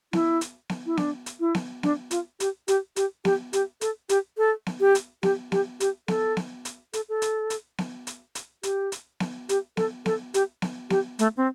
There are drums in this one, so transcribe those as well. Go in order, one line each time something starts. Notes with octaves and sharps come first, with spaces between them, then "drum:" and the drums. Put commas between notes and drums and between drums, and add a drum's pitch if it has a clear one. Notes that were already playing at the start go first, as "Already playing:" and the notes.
E4, drum: snare B3
drum: hi-hat
drum: snare B3
E4
D4, drum: snare B3
drum: hi-hat
E4
drum: snare B3
D4, drum: snare B3
F4, drum: hi-hat
G4, drum: hi-hat
G4, drum: hi-hat
G4, drum: hi-hat
G4, drum: snare B3
G4, drum: hi-hat
A4, drum: hi-hat
G4, drum: hi-hat
A4
drum: snare B3
G4
drum: hi-hat
G4, drum: snare B3
G4, drum: snare B3
G4, drum: hi-hat
A4, drum: snare B3
drum: snare B3
drum: hi-hat
A4, drum: hi-hat
A4
drum: hi-hat
drum: hi-hat
drum: snare B3
drum: hi-hat
drum: hi-hat
G4, drum: hi-hat
drum: hi-hat
drum: snare B3
G4, drum: hi-hat
A4, drum: snare B3
A4, drum: snare B3
G4, drum: hi-hat
drum: snare B3
G4, drum: snare B3
A3, drum: hi-hat
C4